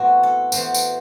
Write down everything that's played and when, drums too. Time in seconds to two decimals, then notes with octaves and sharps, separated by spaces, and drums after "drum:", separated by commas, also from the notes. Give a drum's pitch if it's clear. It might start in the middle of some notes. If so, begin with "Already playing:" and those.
Already playing: A2 E3 B3 C4 F#4
0.23 A4
0.52 A2 E3 B3 C5, drum: tambourine
0.74 drum: tambourine